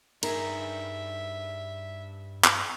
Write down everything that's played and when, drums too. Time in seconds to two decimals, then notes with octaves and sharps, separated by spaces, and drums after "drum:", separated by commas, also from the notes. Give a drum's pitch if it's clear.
0.23 G2 D#4 G#4 A#4 E5 A#5, drum: cymbal
2.44 drum: clap